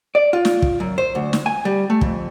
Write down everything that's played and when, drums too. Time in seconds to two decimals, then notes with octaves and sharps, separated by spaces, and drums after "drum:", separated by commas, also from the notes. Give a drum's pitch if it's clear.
0.15 D5
0.33 F4
0.45 drum: snare
0.62 drum: kick
0.80 F#2
0.98 C5
1.15 D2
1.33 drum: snare
1.46 G#5
1.65 G3
1.90 A3
2.01 F2, drum: kick